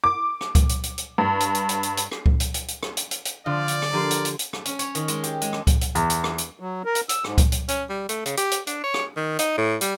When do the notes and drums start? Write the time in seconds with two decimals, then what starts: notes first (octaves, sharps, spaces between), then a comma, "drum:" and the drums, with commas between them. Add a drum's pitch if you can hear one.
0.04 D6
0.41 drum: rim click
0.55 drum: kick C#2, hi-hat
0.69 drum: hi-hat
0.83 drum: hi-hat
0.98 drum: hi-hat
1.18 G2
1.40 drum: hi-hat
1.55 drum: hi-hat
1.69 drum: hi-hat
1.83 drum: hi-hat
1.97 drum: hi-hat
2.11 drum: rim click
2.26 drum: kick C#2
2.40 drum: hi-hat
2.54 drum: hi-hat
2.68 drum: hi-hat
2.83 drum: rim click
2.97 drum: hi-hat
3.11 drum: hi-hat
3.25 drum: hi-hat
3.46 D3 F3 D5 F5
3.68 drum: hi-hat
3.82 drum: rim click
3.93 D3 F3 G4 A#4 C6
4.11 drum: hi-hat
4.25 drum: hi-hat
4.39 drum: hi-hat
4.53 drum: rim click
4.65 C#4, drum: hi-hat
4.79 C#5, drum: hi-hat
4.95 D#3, drum: hi-hat
5.08 G#3, drum: hi-hat
5.24 G4, drum: hi-hat
5.42 G#3, drum: hi-hat
5.53 drum: rim click
5.67 drum: kick C#2, hi-hat
5.81 drum: hi-hat
5.95 E2, drum: hi-hat
6.10 drum: hi-hat
6.24 drum: rim click
6.38 drum: hi-hat
6.60 F#3
6.85 A#4
6.95 drum: hi-hat
7.09 E6, drum: hi-hat
7.24 G#2, drum: rim click
7.38 drum: kick C#2, hi-hat
7.52 drum: hi-hat
7.68 C#4, drum: hi-hat
7.89 G3
8.09 A3, drum: hi-hat
8.26 C#3, drum: hi-hat
8.37 G4, drum: hi-hat
8.51 drum: hi-hat
8.67 D4, drum: hi-hat
8.83 C#5
8.94 drum: rim click
9.16 D#3
9.39 D#4, drum: hi-hat
9.57 A2
9.81 G3, drum: hi-hat